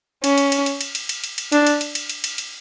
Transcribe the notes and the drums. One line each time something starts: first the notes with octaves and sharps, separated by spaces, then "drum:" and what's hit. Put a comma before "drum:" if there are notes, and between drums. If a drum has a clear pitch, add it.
C#4, drum: cymbal
drum: cymbal
drum: cymbal
drum: cymbal
drum: cymbal
drum: cymbal
drum: cymbal
drum: cymbal
drum: cymbal
D4, drum: cymbal
drum: cymbal
drum: cymbal
drum: cymbal
drum: cymbal
drum: cymbal
drum: cymbal